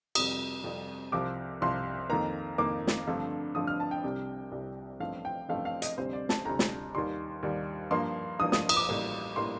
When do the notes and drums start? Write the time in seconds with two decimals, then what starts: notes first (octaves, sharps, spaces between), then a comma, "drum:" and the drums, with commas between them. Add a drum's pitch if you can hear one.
0.15 F2 C3 G3 D#6, drum: cymbal
0.64 F2 C3 G3
1.12 C2 C3 F3 C4 D6
1.61 C2 C3 F3 C4 C6
2.09 F2 D#3 A#3 A#5
2.58 F2 D#3 A#3 D6
2.87 drum: snare
3.07 G2 D3 F3 A3 C4
3.55 G2 D3 F3 A3 C4 D#6
3.67 F6
3.80 A5
3.91 G5
4.04 C2 C3 G3
4.51 C2 C3 G3
5.00 A1 G2 F3 A3 C4 F5
5.25 G5
5.49 A1 G2 F3 A3 C4 F5
5.65 F5
5.82 D#5, drum: hi-hat
5.97 D2 C3 G3 C4 C5
6.13 D5
6.29 A5, drum: snare
6.45 D2 C3 G3 C4 A#5
6.59 drum: snare
6.95 D#2 D#3 G3 C6
7.43 D#2 D#3 G3
7.91 G2 F3 A#3 C6
8.39 G2 F3 A#3 D#6
8.52 D#6, drum: snare
8.69 D#6, drum: cymbal
8.77 D6
8.89 A1 A2 G3 A#3
9.36 A2 G3 A#3 C6